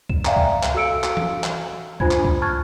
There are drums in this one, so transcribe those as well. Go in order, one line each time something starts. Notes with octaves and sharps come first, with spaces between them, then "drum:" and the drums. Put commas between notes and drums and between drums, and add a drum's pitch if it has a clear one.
E7, drum: kick C2
D5 E5 F5 G5 G#5 A#5, drum: clap
drum: kick C2
drum: clap
F#4 A4 F5 E6 C#7 D7
drum: clap
drum: tom E3
drum: clap
D4 F4 C5 G#5 B5 G#6, drum: kick C2
drum: clap
drum: kick C2
A5 C#6 F6 F#6 G#6 A6